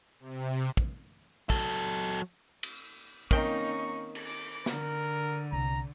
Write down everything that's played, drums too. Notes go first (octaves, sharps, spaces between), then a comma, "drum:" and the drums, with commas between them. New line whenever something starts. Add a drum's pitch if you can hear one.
C3
drum: kick
F#3 A4, drum: kick
drum: cymbal
D#3 A#3 C4 C#4 D#4 G5 C#6, drum: kick
drum: cymbal
D6
D3 A#4, drum: snare
C2 A#5